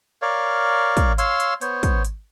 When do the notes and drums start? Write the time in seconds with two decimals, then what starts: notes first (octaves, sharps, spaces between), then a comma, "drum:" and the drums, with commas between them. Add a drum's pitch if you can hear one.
0.22 A#4 C#5 D5 F5
0.97 drum: kick, hi-hat
1.18 C#5 F5 C6 E6, drum: hi-hat
1.40 drum: hi-hat
1.61 B3 C5 C#5, drum: hi-hat
1.83 drum: kick, hi-hat
2.05 drum: hi-hat